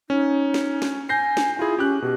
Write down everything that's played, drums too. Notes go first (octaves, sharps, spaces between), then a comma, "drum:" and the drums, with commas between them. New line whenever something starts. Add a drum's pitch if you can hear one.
C#4 D#4
drum: snare
drum: snare
G#5 G6 A#6 C7
drum: snare
E4 F4 G#4
C#4 G4 F#6
B2 G4